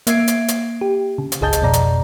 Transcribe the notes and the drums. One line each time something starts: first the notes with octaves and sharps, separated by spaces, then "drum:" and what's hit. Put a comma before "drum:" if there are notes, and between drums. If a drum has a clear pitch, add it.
A#3 E5 G#6 C7 D7, drum: hi-hat
drum: hi-hat
drum: hi-hat
G4
C#3
drum: hi-hat
G1 C#2 G#4 D#5 A5 G6
drum: hi-hat
F2 B2 D5 A#5
drum: hi-hat